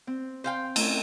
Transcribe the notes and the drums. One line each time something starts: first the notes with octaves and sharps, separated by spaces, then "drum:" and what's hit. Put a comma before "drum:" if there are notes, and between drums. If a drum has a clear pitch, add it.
C4
C5 F5 G5
A3 C#4, drum: cymbal